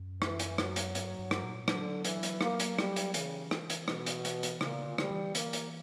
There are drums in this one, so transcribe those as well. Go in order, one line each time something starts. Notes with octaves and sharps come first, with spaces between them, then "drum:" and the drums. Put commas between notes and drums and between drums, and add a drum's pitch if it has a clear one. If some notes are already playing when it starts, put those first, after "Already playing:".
Already playing: F#2
E3, drum: rim click
drum: hi-hat
F#3, drum: rim click
drum: hi-hat
G2, drum: hi-hat
G2
drum: rim click
A#2
D3 F#3, drum: rim click
E3, drum: hi-hat
drum: hi-hat
A#3, drum: rim click
drum: hi-hat
G3, drum: rim click
drum: hi-hat
C#3 E3, drum: hi-hat
drum: rim click
drum: hi-hat
B2, drum: rim click
drum: hi-hat
drum: hi-hat
drum: hi-hat
A#2 C#3, drum: rim click
D3
G3, drum: rim click
E3
A#3, drum: hi-hat
drum: hi-hat